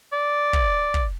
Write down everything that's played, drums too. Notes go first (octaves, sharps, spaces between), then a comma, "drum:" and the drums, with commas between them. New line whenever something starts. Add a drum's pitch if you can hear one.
D5
drum: kick
drum: kick